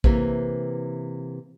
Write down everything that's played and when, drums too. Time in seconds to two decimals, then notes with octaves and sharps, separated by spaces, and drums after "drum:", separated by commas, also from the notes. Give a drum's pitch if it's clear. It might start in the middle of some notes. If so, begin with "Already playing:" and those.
0.04 C3 E3 A#3, drum: kick A1